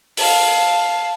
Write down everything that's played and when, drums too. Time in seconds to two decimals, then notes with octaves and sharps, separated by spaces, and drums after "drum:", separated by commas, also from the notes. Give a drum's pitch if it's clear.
0.17 F5 A5, drum: open hi-hat